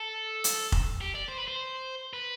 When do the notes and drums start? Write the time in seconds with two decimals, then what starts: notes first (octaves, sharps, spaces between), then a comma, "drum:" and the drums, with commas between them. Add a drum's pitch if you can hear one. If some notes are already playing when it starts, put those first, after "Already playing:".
Already playing: A4
0.44 drum: hi-hat
0.72 drum: kick F1
1.01 G4
1.15 D5
1.29 C5
1.38 B4
1.48 C5
2.13 B4